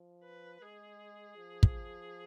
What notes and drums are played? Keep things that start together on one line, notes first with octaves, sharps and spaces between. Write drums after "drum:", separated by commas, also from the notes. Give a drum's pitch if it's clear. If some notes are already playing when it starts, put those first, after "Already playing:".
Already playing: F3
B4
G#3 G#4
F3
drum: kick